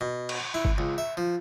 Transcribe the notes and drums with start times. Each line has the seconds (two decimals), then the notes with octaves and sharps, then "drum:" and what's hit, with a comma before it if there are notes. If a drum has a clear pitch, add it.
0.01 B2
0.29 drum: cymbal
0.54 E4
0.65 drum: kick
0.78 C#2
0.98 E5
1.17 F3